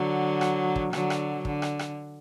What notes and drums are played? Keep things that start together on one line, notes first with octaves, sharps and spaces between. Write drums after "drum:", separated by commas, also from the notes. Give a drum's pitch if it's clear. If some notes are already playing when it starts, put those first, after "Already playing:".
Already playing: D3 F#3
drum: rim click
drum: kick
D3 F#3, drum: rim click
drum: rim click
D3, drum: kick
drum: rim click
drum: rim click